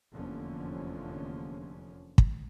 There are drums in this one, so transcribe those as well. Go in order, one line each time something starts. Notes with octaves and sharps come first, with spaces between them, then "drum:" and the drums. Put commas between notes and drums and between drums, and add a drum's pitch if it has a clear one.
F1 E2 D3 F3 A#3 C#4
drum: kick